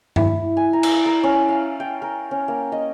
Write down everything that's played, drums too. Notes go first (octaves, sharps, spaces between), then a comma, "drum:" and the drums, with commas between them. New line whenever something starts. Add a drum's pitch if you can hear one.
E4, drum: tom G2
G#5
A#5
drum: cymbal
A#4
C#4
F5
G5
A#4
C#4
A#3
D#5